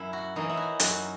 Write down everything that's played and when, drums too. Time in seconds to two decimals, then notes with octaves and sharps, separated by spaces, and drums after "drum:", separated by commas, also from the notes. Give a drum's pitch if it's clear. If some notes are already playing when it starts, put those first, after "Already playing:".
Already playing: F#2 E4
0.13 F#4
0.36 E3 A#3 C#4 D#4
0.49 E4
0.57 F#4
0.80 F#2 F#4, drum: hi-hat